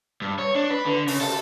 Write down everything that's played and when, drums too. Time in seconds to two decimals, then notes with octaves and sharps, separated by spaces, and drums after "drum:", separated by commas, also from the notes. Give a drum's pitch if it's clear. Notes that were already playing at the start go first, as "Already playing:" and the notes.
0.22 G2
0.39 C#5
0.55 D4
0.70 B4
0.86 D3
1.08 C#3, drum: open hi-hat
1.21 A4, drum: cymbal